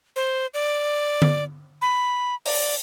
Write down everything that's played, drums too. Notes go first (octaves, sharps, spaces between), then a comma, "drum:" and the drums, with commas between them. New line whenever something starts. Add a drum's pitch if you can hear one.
C5
D5
drum: tom D3
B5
D5, drum: open hi-hat